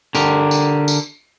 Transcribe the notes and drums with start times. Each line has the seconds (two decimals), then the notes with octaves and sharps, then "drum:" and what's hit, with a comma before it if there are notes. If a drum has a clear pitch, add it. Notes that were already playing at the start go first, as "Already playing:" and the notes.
0.15 D3 G4 A#4, drum: tambourine
0.51 drum: tambourine
0.88 drum: tambourine